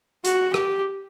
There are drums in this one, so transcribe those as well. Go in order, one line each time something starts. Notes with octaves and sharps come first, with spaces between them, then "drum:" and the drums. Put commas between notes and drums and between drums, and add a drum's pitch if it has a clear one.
F#4, drum: hi-hat
G4, drum: rim click